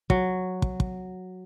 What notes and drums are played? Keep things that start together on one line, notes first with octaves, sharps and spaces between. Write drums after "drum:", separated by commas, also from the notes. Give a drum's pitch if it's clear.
F#3, drum: kick
drum: kick
drum: kick